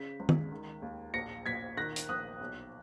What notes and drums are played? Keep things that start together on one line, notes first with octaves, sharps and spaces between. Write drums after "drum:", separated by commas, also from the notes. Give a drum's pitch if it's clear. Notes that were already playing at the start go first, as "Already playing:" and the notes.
Already playing: C#3 B6
C#2
drum: tom
D#3
D#2
A#1 A#6 C#7
A#1 G#6 B6
D#3 F#6 A#6
drum: hi-hat
A#1 D#6 F#6
B1